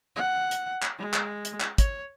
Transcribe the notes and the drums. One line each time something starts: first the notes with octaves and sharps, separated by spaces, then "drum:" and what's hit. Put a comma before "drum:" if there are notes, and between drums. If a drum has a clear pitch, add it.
F#5
drum: hi-hat
drum: clap
G#3
drum: clap
drum: hi-hat
drum: clap
C#5, drum: kick, hi-hat